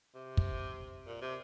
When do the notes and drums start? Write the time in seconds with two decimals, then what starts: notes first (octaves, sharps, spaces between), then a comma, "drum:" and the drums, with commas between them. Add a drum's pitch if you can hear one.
0.15 C3
0.37 drum: kick
1.07 A#2
1.21 C3